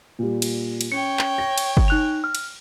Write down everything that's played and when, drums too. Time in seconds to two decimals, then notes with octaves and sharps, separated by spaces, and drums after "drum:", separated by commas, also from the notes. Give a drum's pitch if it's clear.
0.19 A#2 G3
0.42 drum: cymbal
0.81 drum: cymbal
0.92 C#4 C#5 G5 C#7
1.19 drum: clap
1.38 A#6
1.58 drum: cymbal
1.77 drum: kick G1
1.88 D#4 F#6 F7
2.24 F6
2.35 drum: cymbal